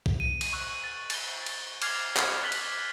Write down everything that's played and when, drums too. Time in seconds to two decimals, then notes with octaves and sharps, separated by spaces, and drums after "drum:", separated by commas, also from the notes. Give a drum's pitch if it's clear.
0.06 drum: kick
0.20 D#7
0.41 drum: cymbal
0.53 C#6 E6 F#6 D#7
0.84 A6
1.10 A6 G7, drum: cymbal
1.46 drum: cymbal
1.82 D6 F6 G#6 C7 F7, drum: cymbal
2.17 drum: clap
2.42 F#6 A6 B6 F#7 G7
2.52 drum: cymbal